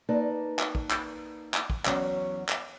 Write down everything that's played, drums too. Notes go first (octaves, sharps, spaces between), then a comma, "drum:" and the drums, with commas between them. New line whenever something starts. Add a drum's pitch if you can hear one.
A#3 D#4 B4 D5 A5
drum: clap
drum: kick
drum: clap
drum: clap
drum: kick
E2 F#3 C#4 F#4, drum: clap
drum: clap